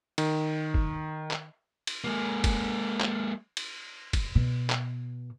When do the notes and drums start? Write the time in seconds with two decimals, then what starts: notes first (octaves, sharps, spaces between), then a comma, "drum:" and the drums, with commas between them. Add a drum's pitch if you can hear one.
0.18 D#3, drum: cymbal
0.74 drum: kick
1.31 drum: clap
1.87 drum: cymbal
2.04 G#3 A#3
2.44 drum: kick, cymbal
3.00 drum: clap
3.57 drum: cymbal
4.13 drum: kick, cymbal
4.35 B2
4.70 drum: clap